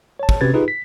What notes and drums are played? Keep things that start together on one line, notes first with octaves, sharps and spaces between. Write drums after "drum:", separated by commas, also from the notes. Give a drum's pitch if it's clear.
C#5 A5
drum: kick
C3 C#4 F#4 B4 G#6 A6
D#4 F4 G4 G#4 B4
B6